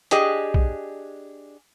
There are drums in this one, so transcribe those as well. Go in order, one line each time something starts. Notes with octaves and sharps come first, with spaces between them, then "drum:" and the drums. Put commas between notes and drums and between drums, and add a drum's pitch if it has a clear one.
D4 G4 G#4 D#5, drum: hi-hat
drum: kick A#1